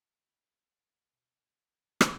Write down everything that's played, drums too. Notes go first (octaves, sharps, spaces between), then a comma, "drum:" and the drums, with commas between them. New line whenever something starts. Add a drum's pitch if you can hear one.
B5
B2
drum: rim click